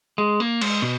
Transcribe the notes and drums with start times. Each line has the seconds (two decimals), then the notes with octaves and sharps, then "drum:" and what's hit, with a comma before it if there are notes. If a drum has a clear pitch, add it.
0.18 G#3
0.40 A#3
0.61 G#3, drum: cymbal
0.82 B2